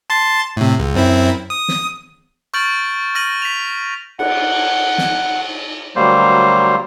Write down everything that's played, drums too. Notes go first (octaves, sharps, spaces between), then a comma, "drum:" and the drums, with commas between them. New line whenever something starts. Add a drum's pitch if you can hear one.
A5 C6 A6
A2 C3
C#2
F#2 C4 E4
D#6
drum: snare
C#6 F6 G6 A6 D7 F#7
F6 A#6 D#7 F#7
B6 F7
F#5, drum: cymbal
drum: snare
D2 F#3 G3 A#3 C5